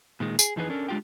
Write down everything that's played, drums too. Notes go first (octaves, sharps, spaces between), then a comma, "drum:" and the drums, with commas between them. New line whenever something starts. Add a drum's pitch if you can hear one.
A#2 D#3 G#3
G#4, drum: tambourine
F2 E3 D#4 G#4 B4
C#4 D4 A4 A#4
G#3 D4 F4 G4 G5